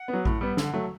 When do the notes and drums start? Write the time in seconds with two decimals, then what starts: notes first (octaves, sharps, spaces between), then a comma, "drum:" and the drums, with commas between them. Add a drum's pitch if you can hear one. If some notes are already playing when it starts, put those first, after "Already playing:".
Already playing: F#5
0.08 B3
0.13 F#3
0.25 A2, drum: kick A1
0.41 G3 B3
0.57 D3, drum: snare
0.73 F#3 A3